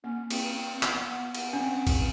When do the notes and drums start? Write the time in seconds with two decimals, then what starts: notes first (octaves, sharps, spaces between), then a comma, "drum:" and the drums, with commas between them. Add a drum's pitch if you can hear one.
0.04 A#3 C#4
0.30 C4, drum: cymbal
0.56 C4
0.83 B3, drum: clap
1.09 B3
1.35 B3, drum: cymbal
1.53 C#4
1.61 C4
1.87 drum: kick, cymbal